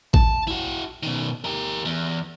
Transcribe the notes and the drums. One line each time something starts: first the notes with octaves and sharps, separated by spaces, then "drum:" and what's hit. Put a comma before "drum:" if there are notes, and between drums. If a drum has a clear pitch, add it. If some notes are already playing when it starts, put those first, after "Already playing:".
A5, drum: kick
E4 F#4
B2 D#3
G4 A#4
E2